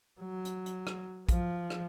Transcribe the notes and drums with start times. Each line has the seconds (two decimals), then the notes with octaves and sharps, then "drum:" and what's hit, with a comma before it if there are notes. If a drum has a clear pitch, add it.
0.21 F#3
0.45 drum: hi-hat
0.66 drum: hi-hat
0.87 drum: rim click
1.29 F3, drum: kick A#1, hi-hat
1.70 drum: rim click